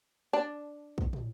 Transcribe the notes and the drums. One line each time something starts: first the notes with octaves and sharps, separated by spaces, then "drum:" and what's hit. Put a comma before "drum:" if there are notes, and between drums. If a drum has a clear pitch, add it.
D4
drum: kick
drum: tom